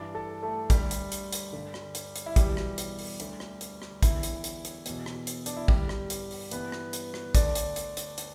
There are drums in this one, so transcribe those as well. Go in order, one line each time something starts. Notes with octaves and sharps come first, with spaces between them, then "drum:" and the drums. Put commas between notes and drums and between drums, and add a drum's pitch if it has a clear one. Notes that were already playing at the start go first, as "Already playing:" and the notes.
Already playing: G2 E3 D4 D5
A4 A5
A3 A4
D2 D3 G3 G4, drum: kick, hi-hat
drum: hi-hat
drum: hi-hat
drum: hi-hat
G2 D3
drum: rim click
drum: hi-hat
drum: hi-hat
E4
E2 B2 G3 G4, drum: kick, hi-hat
drum: rim click
drum: hi-hat
drum: open hi-hat
D2 D3, drum: hi-hat
drum: rim click
drum: hi-hat
drum: rim click
E2 D3 E4, drum: kick, hi-hat
drum: hi-hat
drum: hi-hat
drum: hi-hat
E2 B2, drum: hi-hat
drum: rim click
drum: hi-hat
D4, drum: hi-hat
E4
G2 D3 G3 G4, drum: kick
drum: rim click
drum: hi-hat
drum: open hi-hat
G2 E3 B3 B4, drum: hi-hat
drum: rim click
drum: hi-hat
drum: rim click
D2 D3 D4 D5, drum: kick, hi-hat
drum: hi-hat
drum: hi-hat
drum: hi-hat
drum: hi-hat